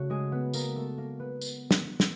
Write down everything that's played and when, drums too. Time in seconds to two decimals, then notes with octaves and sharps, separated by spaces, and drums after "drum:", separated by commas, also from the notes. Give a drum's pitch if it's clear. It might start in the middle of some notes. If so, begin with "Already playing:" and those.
Already playing: C#3 A3 F#4
0.10 G#3 G#4
0.32 B3 B4
0.54 A#3 A#4, drum: tambourine
0.76 A3 A4
0.98 A#3 A#4
1.19 B3 B4
1.41 drum: tambourine
1.71 drum: snare
2.00 drum: snare